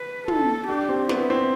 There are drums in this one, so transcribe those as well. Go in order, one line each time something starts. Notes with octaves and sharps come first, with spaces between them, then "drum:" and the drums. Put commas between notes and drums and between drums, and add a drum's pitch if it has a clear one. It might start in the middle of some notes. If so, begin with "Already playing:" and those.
Already playing: B4
A4, drum: tom
D4 G4
C4
B3 E4, drum: snare
C4